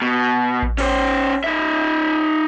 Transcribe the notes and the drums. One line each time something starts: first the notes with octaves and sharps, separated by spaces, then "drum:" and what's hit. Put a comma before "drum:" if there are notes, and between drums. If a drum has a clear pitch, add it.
B2
drum: kick A1
C#4 C5, drum: cymbal
D#4 E5